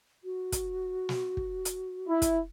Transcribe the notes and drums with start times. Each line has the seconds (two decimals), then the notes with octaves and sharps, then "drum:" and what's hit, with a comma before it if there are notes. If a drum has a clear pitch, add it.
0.24 F#4
0.52 drum: kick, hi-hat
1.09 drum: snare
1.37 drum: kick
1.65 drum: hi-hat
2.08 E4
2.22 drum: kick, hi-hat